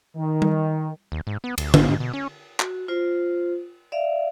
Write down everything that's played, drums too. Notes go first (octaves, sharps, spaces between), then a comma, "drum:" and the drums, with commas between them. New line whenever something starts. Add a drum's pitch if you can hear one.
D#3
drum: tom G3
D#2
G#2
B3
D2, drum: cymbal
G#1, drum: tom D3
G#2
B2
C#4
F#4, drum: clap
F4 C5
D5 E5 F5